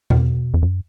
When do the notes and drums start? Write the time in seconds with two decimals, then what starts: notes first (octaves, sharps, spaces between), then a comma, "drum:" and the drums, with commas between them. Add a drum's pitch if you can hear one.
0.10 B2, drum: tom E2
0.54 F2
0.62 F#2